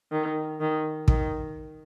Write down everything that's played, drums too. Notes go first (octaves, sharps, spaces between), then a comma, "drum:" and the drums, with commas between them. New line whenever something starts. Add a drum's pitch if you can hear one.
D#3
D#3
D#3, drum: kick